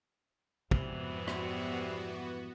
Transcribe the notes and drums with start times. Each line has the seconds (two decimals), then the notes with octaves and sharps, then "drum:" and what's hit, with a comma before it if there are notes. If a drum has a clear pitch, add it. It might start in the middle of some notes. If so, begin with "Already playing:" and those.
0.71 F2 G#2 C3 E3 G3 B3 F#4, drum: kick
1.27 drum: rim click